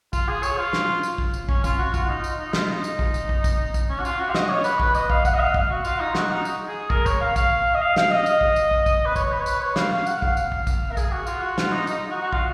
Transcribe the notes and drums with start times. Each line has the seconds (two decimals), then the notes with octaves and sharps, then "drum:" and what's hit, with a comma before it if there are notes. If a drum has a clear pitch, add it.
0.13 F4, drum: kick, tambourine
0.28 G#4
0.43 C#5, drum: tambourine
0.58 F4
0.73 drum: snare
1.03 drum: tambourine
1.18 drum: kick
1.33 drum: tambourine
1.49 C#4, drum: kick
1.64 F4, drum: kick, tambourine
1.78 F#4
1.94 F4, drum: kick, tambourine
2.05 F4
2.09 D#4
2.24 drum: tambourine
2.38 D#4
2.53 F4, drum: snare
2.69 D#4
2.84 drum: tambourine
2.99 drum: kick
3.14 drum: tambourine
3.29 drum: kick
3.44 drum: kick, tambourine
3.74 drum: kick, tambourine
3.89 C#4
3.99 F#4
4.05 F4, drum: tambourine
4.20 F#4
4.30 F5
4.34 D#5, drum: snare
4.50 C#5
4.64 B4, drum: tambourine
4.80 B4, drum: kick
4.95 D#5, drum: tambourine
5.10 F5, drum: kick
5.25 F#5, drum: kick, tambourine
5.34 D#5
5.39 F5
5.54 F5, drum: kick
5.70 F#4
5.84 F4, drum: tambourine
6.00 D#4
6.15 F#4, drum: snare
6.30 D#4
6.45 drum: tambourine
6.68 G#4
6.90 A#4, drum: kick
7.06 C#5, drum: kick, tambourine
7.21 F5
7.36 F5, drum: kick, tambourine
7.75 D#5
7.81 F5
7.96 F5, drum: snare
8.11 D#5
8.26 drum: tambourine
8.41 drum: kick
8.56 drum: tambourine
8.71 drum: kick
8.86 drum: kick, tambourine
9.05 B4
9.16 C#5, drum: kick, tambourine
9.32 B4
9.40 C#5
9.46 B4, drum: tambourine
9.62 C#5
9.76 F5, drum: snare
9.91 F5
10.06 F#5, drum: tambourine
10.22 F5, drum: kick
10.37 F5, drum: tambourine
10.52 drum: kick
10.67 drum: kick, tambourine
10.92 A#4
10.97 G#4, drum: kick, tambourine
11.12 F#4
11.27 F4, drum: tambourine
11.42 F#4
11.58 F4, drum: snare
11.72 D#4
11.87 D#4, drum: tambourine
12.10 F#4
12.22 F#4
12.33 F4, drum: kick